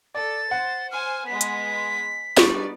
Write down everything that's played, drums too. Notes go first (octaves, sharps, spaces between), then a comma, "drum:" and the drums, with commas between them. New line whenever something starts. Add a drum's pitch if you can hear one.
A4 D5 A6
C5 F#5
C5 G#5 F6
G#3 B3 B6
drum: hi-hat
G3 B3 D4 D#4 D5 C#6, drum: snare